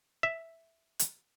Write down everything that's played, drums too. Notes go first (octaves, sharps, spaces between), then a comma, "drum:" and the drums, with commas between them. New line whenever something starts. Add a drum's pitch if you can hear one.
E5
drum: hi-hat